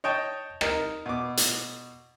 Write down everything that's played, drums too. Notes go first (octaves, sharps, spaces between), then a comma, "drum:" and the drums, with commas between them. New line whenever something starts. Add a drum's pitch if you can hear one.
C#5 D#5 G5 A5
D#4 A#4, drum: rim click
B2 D6
drum: hi-hat